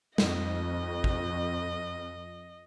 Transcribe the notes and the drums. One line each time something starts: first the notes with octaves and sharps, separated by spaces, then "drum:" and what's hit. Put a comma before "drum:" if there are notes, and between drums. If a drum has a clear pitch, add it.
F2 D#5, drum: snare
drum: kick